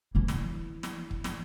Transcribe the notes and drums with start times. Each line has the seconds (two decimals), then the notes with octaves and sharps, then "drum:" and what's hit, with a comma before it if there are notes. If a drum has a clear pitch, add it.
0.15 E3 E4
0.28 drum: snare
0.83 drum: snare
1.11 drum: kick
1.24 drum: snare